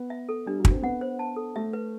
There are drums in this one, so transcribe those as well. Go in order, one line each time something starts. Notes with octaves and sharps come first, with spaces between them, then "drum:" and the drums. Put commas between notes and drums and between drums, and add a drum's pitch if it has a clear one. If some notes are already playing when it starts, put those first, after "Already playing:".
Already playing: B3
E5
A4
G3 D4
F#3
D4, drum: kick
C4
B3 F#5
C5
A5
A4
A3 E5
B4